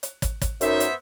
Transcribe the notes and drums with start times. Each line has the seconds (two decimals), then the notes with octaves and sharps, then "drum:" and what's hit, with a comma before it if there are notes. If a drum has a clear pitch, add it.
0.03 drum: hi-hat
0.22 drum: kick, hi-hat
0.41 drum: kick, hi-hat
0.61 F#2 B3 D#4 C5 E5, drum: hi-hat
0.80 drum: hi-hat